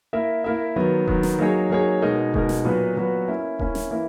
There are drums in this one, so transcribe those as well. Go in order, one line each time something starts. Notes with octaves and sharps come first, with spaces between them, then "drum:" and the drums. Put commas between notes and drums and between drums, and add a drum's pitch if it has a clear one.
A#3 E4 A#4 E5
A#3 E4 A#4 E5
D#3 F#3 B3
D#3 F#3 B3, drum: kick D#1
drum: snare
F#3 A#3 D#4 G#4 C#5
F#3 A#3 D#4 G#4 C#5
B2 G#3 D#4 A#4
B2 G#3 D#4 A#4, drum: kick D#1
drum: snare
A#2 F#3 B3 F#4 B4
A#2 F#3 B3 F#4 B4
A#3 C#4 E4
A#3 C#4 E4, drum: kick D#1
drum: snare
E3 A#3 E4